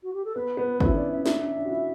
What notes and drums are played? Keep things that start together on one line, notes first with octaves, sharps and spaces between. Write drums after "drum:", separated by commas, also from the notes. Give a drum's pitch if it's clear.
F#4
G4
A4
B3 B4
B3
B4
C#4 A4, drum: kick
E4
D4 D5
C#4 E5
D4 E5, drum: snare
C#4
D4
F#4
E4